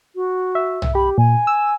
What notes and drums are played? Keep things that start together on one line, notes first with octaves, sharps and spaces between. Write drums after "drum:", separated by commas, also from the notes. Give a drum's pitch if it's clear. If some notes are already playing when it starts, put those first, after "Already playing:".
F#4
E5
drum: tom B1
G4 B5
A#2 G#5
E6